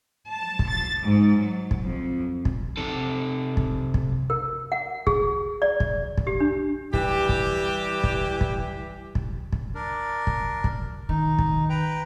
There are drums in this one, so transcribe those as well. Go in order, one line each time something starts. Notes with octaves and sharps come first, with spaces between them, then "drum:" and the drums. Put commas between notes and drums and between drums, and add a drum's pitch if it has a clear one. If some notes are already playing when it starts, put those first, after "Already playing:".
A5
drum: kick
A6
G#2
F#3
drum: kick
F2
drum: kick
C3 A4
drum: kick
drum: kick
A#4
F#5
G#4, drum: kick
D5
drum: kick
drum: kick
G4
D4
E3 G3 G4, drum: kick
drum: kick
drum: kick
drum: kick
drum: kick
drum: kick
D4 A#4
drum: kick
drum: kick
D#3 D#4
drum: kick
B4 G5 A#5